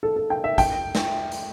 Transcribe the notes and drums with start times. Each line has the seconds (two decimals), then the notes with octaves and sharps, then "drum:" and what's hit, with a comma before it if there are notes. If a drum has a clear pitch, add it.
0.03 A4
0.16 A4
0.30 G5
0.44 E5
0.58 G5, drum: kick, hi-hat
0.95 drum: snare
1.32 drum: hi-hat